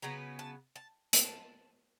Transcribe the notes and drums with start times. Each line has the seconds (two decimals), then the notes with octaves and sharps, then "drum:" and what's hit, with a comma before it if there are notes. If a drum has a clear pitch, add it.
0.02 C#3 F#3 B3 A#5
0.39 A5
0.76 A5
1.13 A5, drum: hi-hat